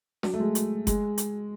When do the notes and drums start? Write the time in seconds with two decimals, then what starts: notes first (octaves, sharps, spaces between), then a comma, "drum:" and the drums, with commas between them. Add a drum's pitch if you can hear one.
0.23 F#3, drum: snare
0.34 A3
0.40 G#3
0.55 drum: hi-hat
0.87 G#3, drum: kick F#1, hi-hat
1.18 drum: hi-hat